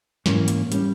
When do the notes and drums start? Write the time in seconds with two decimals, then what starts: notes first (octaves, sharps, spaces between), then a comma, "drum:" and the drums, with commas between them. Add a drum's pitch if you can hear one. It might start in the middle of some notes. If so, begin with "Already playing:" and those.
0.26 G#2 E3 A#3 C#4, drum: snare
0.48 drum: hi-hat
0.72 G3 C#4, drum: hi-hat